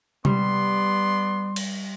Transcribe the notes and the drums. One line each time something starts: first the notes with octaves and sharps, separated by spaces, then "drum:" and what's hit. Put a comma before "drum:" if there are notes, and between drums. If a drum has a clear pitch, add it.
G3 B3 D5 C6, drum: tom C3
drum: cymbal